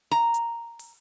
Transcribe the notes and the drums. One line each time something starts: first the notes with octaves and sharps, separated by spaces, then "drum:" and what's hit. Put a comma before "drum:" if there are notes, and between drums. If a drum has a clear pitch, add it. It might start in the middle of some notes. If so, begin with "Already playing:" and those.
A#5
drum: hi-hat
drum: open hi-hat